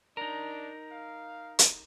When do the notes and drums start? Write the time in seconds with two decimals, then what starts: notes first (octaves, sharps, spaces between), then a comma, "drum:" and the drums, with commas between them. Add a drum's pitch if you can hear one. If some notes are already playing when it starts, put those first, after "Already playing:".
0.17 D4 D#4 A#4
0.91 F5
1.59 drum: hi-hat